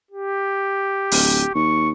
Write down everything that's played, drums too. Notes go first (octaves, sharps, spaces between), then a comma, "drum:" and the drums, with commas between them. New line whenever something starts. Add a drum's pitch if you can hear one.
G4
D1, drum: open hi-hat
D#2 C#6